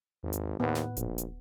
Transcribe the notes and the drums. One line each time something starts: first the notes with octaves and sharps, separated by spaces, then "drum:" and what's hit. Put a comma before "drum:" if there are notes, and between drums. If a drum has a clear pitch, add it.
G#1 E2
drum: hi-hat
D#2 A2 B3
drum: snare
A#1, drum: kick D#1, hi-hat
drum: hi-hat